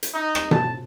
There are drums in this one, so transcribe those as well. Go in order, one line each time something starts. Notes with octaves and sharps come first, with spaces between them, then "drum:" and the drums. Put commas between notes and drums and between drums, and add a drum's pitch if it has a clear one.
drum: hi-hat
D#4
drum: rim click
A5, drum: tom B2